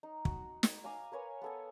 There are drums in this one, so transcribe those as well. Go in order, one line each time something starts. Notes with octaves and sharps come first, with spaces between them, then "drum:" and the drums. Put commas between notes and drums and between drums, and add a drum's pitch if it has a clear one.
D#4
F#4, drum: kick
drum: snare
F5 G#5 A#5 D6
A#4 B4 C#5 G#5
B3 A4 G#5